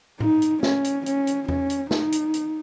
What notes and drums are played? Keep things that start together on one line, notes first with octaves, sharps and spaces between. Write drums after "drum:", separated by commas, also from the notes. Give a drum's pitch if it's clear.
D#4, drum: tom A2
drum: hi-hat
C#4, drum: snare
drum: hi-hat
C#4, drum: hi-hat
drum: hi-hat
C#4, drum: tom E2
drum: hi-hat
D#4, drum: snare
drum: hi-hat
drum: hi-hat